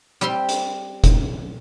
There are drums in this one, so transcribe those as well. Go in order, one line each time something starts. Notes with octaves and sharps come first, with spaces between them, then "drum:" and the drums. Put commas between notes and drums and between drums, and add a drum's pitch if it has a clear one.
G3 C4 G4 C6
drum: hi-hat
drum: kick, hi-hat